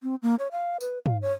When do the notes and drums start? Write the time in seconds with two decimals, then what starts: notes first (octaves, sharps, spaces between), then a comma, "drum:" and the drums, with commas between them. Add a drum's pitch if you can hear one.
0.03 C4
0.22 A#3
0.39 C#5
0.52 F5
0.81 B4, drum: tambourine
1.06 F5, drum: tom
1.22 C#5